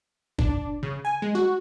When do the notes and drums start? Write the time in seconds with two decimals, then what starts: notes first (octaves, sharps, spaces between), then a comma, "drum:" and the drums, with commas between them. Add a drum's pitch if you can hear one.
0.38 D4, drum: kick
0.83 C#3
1.05 G#5
1.22 G#3
1.35 F#4